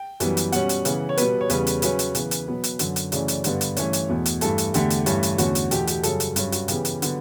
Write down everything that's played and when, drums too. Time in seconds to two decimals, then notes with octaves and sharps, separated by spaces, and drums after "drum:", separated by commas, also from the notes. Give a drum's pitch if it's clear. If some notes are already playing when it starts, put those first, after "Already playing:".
Already playing: G5
0.20 F#2 E3 G3 B3, drum: hi-hat
0.37 drum: hi-hat
0.52 B2 G3 C#4 F#5, drum: hi-hat
0.69 drum: hi-hat
0.85 C#3 E3 B3, drum: hi-hat
1.09 C#5
1.17 B2 G3 B3 B4, drum: hi-hat
1.41 C#5
1.50 E2 C#3 G3 C#4 B4, drum: hi-hat
1.67 B4, drum: hi-hat
1.82 C#3 F#3 C#4 B4, drum: hi-hat
1.99 drum: hi-hat
2.15 C#3 E3 B3, drum: hi-hat
2.31 drum: hi-hat
2.48 B2 F#3 B3
2.64 drum: hi-hat
2.79 F#2 D3 F#3, drum: hi-hat
2.96 drum: hi-hat
3.12 F#2 C#3 E3 A3 C#4 D5, drum: hi-hat
3.28 D5, drum: hi-hat
3.44 G2 D3 G3 B3, drum: hi-hat
3.61 drum: hi-hat
3.76 G2 E3 A3 C#4 C#5, drum: hi-hat
3.93 drum: hi-hat
4.09 E2 B2 A3
4.25 drum: hi-hat
4.41 G2 E3 A3 A4, drum: hi-hat
4.58 drum: hi-hat
4.74 E2 D3 A3 G4, drum: hi-hat
4.90 drum: hi-hat
5.06 G2 E3 A3 C#4, drum: hi-hat
5.23 drum: hi-hat
5.38 E2 D3 A3 C#4 F#4, drum: hi-hat
5.55 drum: hi-hat
5.71 E2 B2 A3 G4, drum: hi-hat
5.87 G4, drum: hi-hat
6.03 F#2 C#3 G3 A4, drum: hi-hat
6.20 drum: hi-hat
6.36 G2 F#3 C#4, drum: hi-hat
6.52 F#4, drum: hi-hat
6.68 C#3 E3 B3 G4, drum: hi-hat
6.85 drum: hi-hat
7.02 D3 F#3 B3, drum: hi-hat